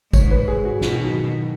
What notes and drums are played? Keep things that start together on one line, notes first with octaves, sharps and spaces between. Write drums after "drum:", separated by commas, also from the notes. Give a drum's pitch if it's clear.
G#2 C#5, drum: kick G#1, tambourine
B4
G#4
F#4
B2, drum: snare
D#3
F#3